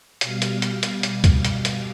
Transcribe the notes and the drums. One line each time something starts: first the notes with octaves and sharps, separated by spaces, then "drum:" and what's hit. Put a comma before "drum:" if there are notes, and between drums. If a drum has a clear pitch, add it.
B2 G3 F5, drum: hi-hat
drum: hi-hat
drum: hi-hat
drum: hi-hat
drum: hi-hat
drum: kick C#2, hi-hat
F5, drum: hi-hat
drum: hi-hat